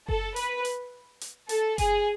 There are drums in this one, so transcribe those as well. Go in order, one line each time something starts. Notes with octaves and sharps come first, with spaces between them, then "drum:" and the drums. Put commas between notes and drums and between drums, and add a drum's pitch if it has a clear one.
A4, drum: kick F#1
B4, drum: hi-hat
drum: hi-hat
drum: hi-hat
A4, drum: hi-hat
G#4, drum: kick F#1, hi-hat